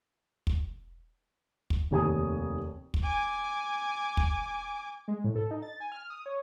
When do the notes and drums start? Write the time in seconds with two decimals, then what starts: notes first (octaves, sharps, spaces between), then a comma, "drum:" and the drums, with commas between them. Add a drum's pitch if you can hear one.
0.47 drum: kick
1.70 drum: kick
1.91 F1 D#2 G#5 D#6
2.94 drum: kick
3.03 G#5 D6
4.17 drum: kick
5.08 G#3
5.24 A2
5.36 A4
5.51 D#4
5.62 A6
5.80 G#5
5.92 F6
6.10 D#6
6.26 C#5